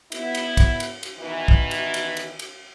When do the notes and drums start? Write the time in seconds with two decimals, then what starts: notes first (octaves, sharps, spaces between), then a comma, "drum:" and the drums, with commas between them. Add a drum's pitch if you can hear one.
0.12 B3 E4, drum: cymbal
0.35 drum: cymbal
0.57 drum: kick, cymbal
0.80 drum: cymbal
1.03 drum: cymbal
1.18 B2 D#3 E3
1.48 drum: kick
1.71 drum: cymbal
1.94 drum: cymbal
2.17 drum: cymbal
2.39 drum: cymbal